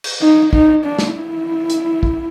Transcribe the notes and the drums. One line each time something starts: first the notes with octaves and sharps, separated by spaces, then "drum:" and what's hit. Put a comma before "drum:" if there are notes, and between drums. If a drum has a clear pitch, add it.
drum: cymbal
D#4
D#4, drum: kick
D4
drum: snare
E4
drum: hi-hat
drum: kick